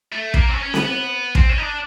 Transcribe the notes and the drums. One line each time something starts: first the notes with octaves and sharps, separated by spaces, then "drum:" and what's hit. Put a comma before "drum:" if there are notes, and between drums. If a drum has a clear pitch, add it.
A3
A#3, drum: kick
C4
C#4
C#4
B3, drum: snare C4
B3
C4, drum: kick
C#4
D#4
D4